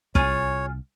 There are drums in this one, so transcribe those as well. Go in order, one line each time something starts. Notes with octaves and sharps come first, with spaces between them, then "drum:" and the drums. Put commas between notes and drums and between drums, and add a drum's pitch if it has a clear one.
C2 F4 G#4 C#5, drum: kick